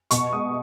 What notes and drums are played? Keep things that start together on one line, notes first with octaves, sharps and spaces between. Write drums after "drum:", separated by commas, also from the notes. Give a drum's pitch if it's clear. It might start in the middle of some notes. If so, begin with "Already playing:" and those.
B2 C#6, drum: hi-hat
G#3 D#6